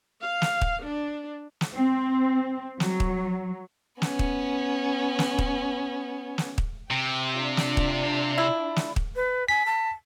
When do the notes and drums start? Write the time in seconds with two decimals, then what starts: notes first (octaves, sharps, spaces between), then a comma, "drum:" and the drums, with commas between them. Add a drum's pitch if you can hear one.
0.21 F5
0.42 drum: snare
0.61 drum: kick
0.85 D4
1.61 drum: snare
1.75 C4
2.80 F#3, drum: snare
3.00 drum: kick
4.02 B3 C#4, drum: snare
4.19 drum: kick
5.19 drum: snare
5.38 drum: kick
6.38 drum: snare
6.58 drum: kick
6.91 C3 G5
7.38 D4 F4
7.57 drum: snare
7.77 drum: kick
8.38 E4
8.76 drum: snare
8.96 drum: kick
9.16 B4
9.48 G#5 B6
9.66 A5